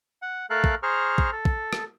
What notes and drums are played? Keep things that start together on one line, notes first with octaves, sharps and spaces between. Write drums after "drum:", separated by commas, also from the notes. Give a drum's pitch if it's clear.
F#5
A3 A4 A#4 F5 F#6
drum: kick
G#4 C5 A#5 C#6 F6
drum: kick
A4
drum: kick
drum: rim click